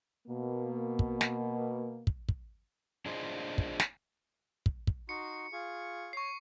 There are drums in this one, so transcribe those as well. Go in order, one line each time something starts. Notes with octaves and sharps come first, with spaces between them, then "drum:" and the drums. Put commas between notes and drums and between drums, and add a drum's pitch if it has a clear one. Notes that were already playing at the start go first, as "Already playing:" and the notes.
B2 A#3
drum: kick
drum: snare
drum: kick
drum: kick
D4 F4 G#4 C5 D#5
drum: kick
drum: snare
drum: kick
drum: kick
D#4 F#4 C6 C#7
F4 G#4 C#6
C#5 C#6 C7